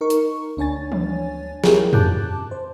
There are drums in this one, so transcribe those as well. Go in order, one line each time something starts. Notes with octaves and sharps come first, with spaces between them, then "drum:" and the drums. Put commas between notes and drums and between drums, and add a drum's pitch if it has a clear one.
D#4 A#4 C#6
drum: hi-hat
D2 D4 C#5 G#5 A6
drum: tom E3
E4 F4 G4 G#4 A#4 C#5, drum: snare
A5 D6 F#6 G6, drum: tom F2
C5